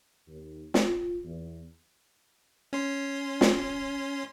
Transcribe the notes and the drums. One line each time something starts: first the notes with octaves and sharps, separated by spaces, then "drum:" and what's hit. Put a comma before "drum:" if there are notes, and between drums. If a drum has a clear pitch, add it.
D#2
F4, drum: snare
E2
C#4 C6
drum: snare